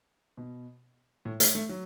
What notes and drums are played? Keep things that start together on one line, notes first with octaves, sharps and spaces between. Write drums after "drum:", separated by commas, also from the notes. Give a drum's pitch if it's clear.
B2
A2
A3, drum: hi-hat
A3
F#3